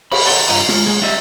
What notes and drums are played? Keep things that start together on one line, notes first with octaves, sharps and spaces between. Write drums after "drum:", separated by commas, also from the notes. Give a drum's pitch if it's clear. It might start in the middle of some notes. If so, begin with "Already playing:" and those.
B5, drum: cymbal
D5 D#5 F#5 A#5 C6
G2 F4 D#5 A#5
G#3 F4, drum: snare
G#3 G#4
G3 D#4 D#5 E5